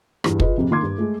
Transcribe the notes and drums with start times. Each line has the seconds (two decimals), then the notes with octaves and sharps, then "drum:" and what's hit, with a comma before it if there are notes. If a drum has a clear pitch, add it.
0.24 E2 G2, drum: rim click
0.40 F4 G#4 B4 D#5, drum: kick
0.57 A#1 F2 C3
0.71 D#3 A#3 C6 D6 G#6
0.83 G2
0.98 G#3 A3